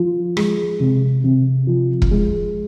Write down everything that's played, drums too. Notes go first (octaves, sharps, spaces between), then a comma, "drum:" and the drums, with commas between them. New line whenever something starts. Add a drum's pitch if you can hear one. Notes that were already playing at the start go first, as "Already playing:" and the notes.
Already playing: F3
G#3, drum: rim click
C3
C3
F3
drum: kick E1
G#3